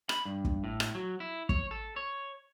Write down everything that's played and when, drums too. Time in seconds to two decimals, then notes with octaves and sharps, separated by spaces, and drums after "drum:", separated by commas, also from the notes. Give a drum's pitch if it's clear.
0.09 B5, drum: rim click
0.25 G2
0.45 drum: kick
0.64 A2
0.80 drum: rim click
0.95 F#3
1.20 E4
1.49 C#5, drum: kick
1.71 A4
1.96 C#5